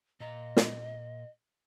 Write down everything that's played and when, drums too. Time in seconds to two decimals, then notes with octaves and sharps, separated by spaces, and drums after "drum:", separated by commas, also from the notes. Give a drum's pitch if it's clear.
0.20 A#2 D#5 A#5
0.57 drum: snare